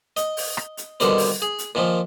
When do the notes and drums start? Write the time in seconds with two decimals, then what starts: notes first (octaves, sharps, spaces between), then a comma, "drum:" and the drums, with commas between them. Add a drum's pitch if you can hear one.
0.17 D#5, drum: hi-hat
0.37 drum: open hi-hat
0.57 drum: rim click
0.77 drum: hi-hat
1.00 B2 D3 D#3 G3 C4, drum: hi-hat
1.18 drum: open hi-hat
1.42 G#4
1.59 drum: hi-hat
1.75 A#2 D#3 F3